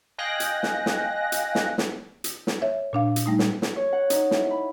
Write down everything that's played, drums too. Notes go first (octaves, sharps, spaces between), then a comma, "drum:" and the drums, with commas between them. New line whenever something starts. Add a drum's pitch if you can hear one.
D#5 F5 G5 G#5 F#6 A#6
drum: hi-hat
drum: snare
drum: snare
drum: hi-hat
drum: snare
drum: snare
drum: hi-hat
drum: snare
C#5 E5
A#2 D4 F5
drum: hi-hat
G3 A3 D#4
drum: snare
drum: snare
C#5
F#5
D#4, drum: hi-hat
E4, drum: snare
B5